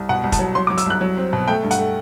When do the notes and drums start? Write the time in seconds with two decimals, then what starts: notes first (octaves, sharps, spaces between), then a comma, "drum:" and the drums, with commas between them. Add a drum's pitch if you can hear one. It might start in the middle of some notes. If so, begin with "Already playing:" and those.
Already playing: C2
0.09 B2 F#5
0.24 C2
0.32 A5, drum: kick, hi-hat
0.39 F#3
0.55 F#3 C6
0.67 D6
0.70 F#3
0.78 E6, drum: hi-hat
0.86 C2 F#6
1.01 F#3
1.17 C4
1.33 B2
1.48 A3 G5
1.63 G2
1.71 F#5, drum: hi-hat
1.78 A3